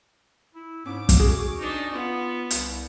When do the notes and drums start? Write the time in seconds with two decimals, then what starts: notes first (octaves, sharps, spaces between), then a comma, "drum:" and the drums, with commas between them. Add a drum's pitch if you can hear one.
0.55 E4
0.86 G#2 C#4 D6
1.09 drum: kick, hi-hat
1.19 C#4 F#4 G#4
1.59 D4 D#4
1.93 B3 F4 F#5
2.51 C2, drum: hi-hat